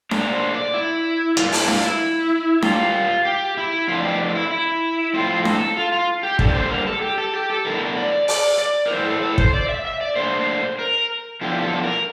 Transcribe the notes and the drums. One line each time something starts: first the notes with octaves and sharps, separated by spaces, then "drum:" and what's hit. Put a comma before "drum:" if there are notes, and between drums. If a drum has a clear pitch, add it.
A#2 A3 D4 A#4, drum: snare D4
C5
D5
E4
G2 E3 A#3 F4, drum: hi-hat
E4, drum: open hi-hat
F4, drum: snare D4
E4
A#2 G3 A#3 F4, drum: snare D4
G4
E4
F2 E3 A3 D4 F4
G4
F4
E4
E4
A2 F3 C4 F4
A4, drum: snare D4
F4
F4
G4
D3 G3 A#3 D4 A4, drum: kick
C5
A#4
A4
G4
A4
G4
A4
E2 D3 A3 E4 A#4
D5
D5, drum: open hi-hat
D5
A#4
A2 E3 A#3 E4 C5
A4
A4
C5, drum: kick
D5
E5
E5
D5
A#2 A3 D4 C5
A#4
E2 D3 F3 E4 G4
A4
A#4